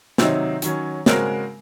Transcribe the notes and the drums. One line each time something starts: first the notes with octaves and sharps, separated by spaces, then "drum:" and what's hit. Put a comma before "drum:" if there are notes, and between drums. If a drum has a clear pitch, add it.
C3 D#3 F#3 C4 D#4, drum: snare
D#3 F#3 C#4, drum: hi-hat
C#3 G#3 C4 F#4 A#4, drum: snare